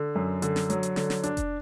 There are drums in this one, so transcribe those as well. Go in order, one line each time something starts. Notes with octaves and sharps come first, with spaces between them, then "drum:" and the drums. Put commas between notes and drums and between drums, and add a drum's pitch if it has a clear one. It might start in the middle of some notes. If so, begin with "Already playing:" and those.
Already playing: D3
F#2
D3, drum: hi-hat
drum: snare
F#3, drum: hi-hat
drum: hi-hat
D3, drum: snare
drum: snare
D4, drum: hi-hat
drum: kick F1, hi-hat